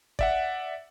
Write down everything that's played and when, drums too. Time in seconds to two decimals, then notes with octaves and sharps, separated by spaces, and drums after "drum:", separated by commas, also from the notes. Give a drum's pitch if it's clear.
0.19 D5 E5 F#5, drum: kick G1